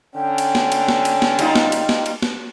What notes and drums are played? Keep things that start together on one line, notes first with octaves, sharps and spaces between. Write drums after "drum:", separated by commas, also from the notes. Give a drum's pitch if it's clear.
D3 C#4 G5
drum: cymbal
drum: snare
drum: cymbal
drum: snare
drum: cymbal
drum: snare
G3 D#4 F4, drum: cymbal
drum: snare
drum: cymbal
drum: snare
drum: cymbal
drum: snare